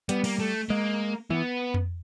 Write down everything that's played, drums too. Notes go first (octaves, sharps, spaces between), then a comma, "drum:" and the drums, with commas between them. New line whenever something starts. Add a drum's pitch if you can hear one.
G3 B3, drum: hi-hat
A#3, drum: cymbal
A3
G#3 A#3
E3 B3
drum: tom F2